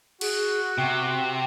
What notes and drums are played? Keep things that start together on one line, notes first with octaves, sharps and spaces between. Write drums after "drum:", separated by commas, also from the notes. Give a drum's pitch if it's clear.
F#4 G#4, drum: cymbal
C3 G5